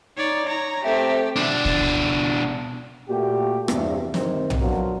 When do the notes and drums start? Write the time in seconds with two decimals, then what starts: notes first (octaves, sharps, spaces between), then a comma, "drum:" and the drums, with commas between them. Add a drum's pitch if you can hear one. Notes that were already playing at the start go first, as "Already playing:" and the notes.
0.17 D#4 C#5 D5
0.46 D#4 C#5 A#5
0.83 A3 C4 G4 E5
1.36 B2 D4
1.65 drum: kick D2
3.09 A#2 A3 F#4 G4
3.68 E2 G2 C3, drum: rim click
4.14 D2 G2 C3 D#3 C4, drum: snare
4.50 drum: tom
4.60 F3 F#3 B3 D4 F4 A#4